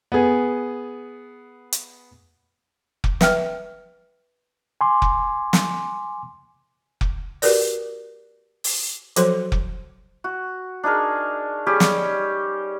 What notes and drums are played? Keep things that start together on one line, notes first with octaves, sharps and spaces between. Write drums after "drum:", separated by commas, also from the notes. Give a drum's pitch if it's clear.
B3 G#4
drum: hi-hat
drum: kick F1
B4 E5 G5 F6, drum: snare
G#5 C6 D6
drum: kick F1
drum: snare
drum: kick F1
F#4 G4 A#4 B4 D5, drum: open hi-hat
drum: open hi-hat
F3 F#3 F#4 A4 C5 C6, drum: hi-hat
drum: kick F1
F#4
D4 D#4 G#4 A#4
G3 C#4 G4 G#4
drum: snare